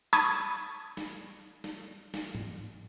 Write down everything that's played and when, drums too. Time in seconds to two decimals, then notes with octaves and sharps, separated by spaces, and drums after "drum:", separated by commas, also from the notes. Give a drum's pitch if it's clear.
0.13 A5 B5 C#6 D#6 G#6, drum: snare
0.97 drum: snare
1.64 drum: snare
2.14 drum: snare
2.35 drum: tom G#2